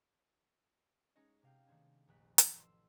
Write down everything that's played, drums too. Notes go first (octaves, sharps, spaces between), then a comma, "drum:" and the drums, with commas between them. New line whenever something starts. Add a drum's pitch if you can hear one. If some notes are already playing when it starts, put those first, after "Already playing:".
G#3 C#4 D#4 G#4 C#5 D#5
C3 F5 G5
D#3 A3 C4 D4 G#4
F1 A#1 F#6 B6
A1, drum: hi-hat
C6 E6